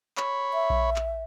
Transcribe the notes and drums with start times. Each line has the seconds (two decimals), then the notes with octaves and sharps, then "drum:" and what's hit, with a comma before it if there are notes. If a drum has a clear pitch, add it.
0.17 C#5 B5, drum: clap
0.54 E5
0.70 drum: kick A#1
0.96 drum: clap